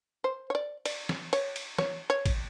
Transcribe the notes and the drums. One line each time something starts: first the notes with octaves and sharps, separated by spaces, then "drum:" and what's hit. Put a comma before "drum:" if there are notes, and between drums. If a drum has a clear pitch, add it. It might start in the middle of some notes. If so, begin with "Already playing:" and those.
C5
C#5
D5
D5, drum: cymbal
drum: snare
C#5, drum: cymbal
drum: cymbal
C#5, drum: snare
C#5
drum: kick A1, cymbal